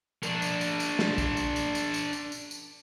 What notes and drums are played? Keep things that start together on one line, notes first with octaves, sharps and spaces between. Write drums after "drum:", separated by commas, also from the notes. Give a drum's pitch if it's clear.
D4 A#4, drum: tambourine
drum: tambourine
drum: tambourine
drum: tambourine
drum: snare
drum: kick, tambourine
drum: tambourine
drum: tambourine
drum: tambourine
drum: tambourine
drum: tambourine
drum: tambourine
drum: tambourine